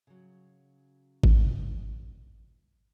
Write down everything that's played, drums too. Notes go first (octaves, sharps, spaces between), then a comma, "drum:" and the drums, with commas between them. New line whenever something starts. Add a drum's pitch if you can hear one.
C#3 F#3
drum: kick G#1